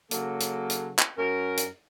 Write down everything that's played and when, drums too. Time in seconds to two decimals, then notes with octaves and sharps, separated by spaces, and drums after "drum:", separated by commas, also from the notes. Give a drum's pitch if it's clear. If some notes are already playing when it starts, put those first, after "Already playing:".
0.11 C#3 F#3 A#3 A4, drum: hi-hat
0.40 drum: hi-hat
0.70 drum: hi-hat
0.99 drum: clap
1.18 F#2 C#4 A#4
1.57 drum: hi-hat